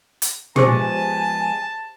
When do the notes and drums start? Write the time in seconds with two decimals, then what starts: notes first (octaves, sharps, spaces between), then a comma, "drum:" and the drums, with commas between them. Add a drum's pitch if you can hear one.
0.22 drum: hi-hat
0.56 F3 G#3 B3 G4 G#4 C5 G#5 A5, drum: tom